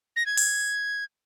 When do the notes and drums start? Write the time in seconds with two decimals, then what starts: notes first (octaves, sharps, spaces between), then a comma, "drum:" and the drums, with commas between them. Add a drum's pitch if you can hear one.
0.16 A#6
0.26 G#6
0.37 drum: open hi-hat